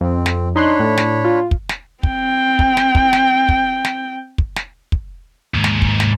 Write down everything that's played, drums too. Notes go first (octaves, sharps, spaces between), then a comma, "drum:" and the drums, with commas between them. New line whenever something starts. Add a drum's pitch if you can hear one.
F2 C4
drum: snare
D4 D#4 C#5 B5 C6 F#6
A2
drum: snare
F4
drum: kick
drum: snare
C4 G5, drum: kick
drum: kick
drum: snare
drum: kick
drum: snare
drum: kick
drum: snare
drum: kick
drum: snare
drum: kick
D#2 G#2
drum: snare
drum: kick
drum: snare